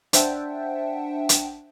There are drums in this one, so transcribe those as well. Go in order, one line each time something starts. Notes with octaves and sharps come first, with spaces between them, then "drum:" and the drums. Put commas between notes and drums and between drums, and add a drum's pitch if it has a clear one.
D4 C5 E5 F#5 G5 A5, drum: hi-hat
drum: hi-hat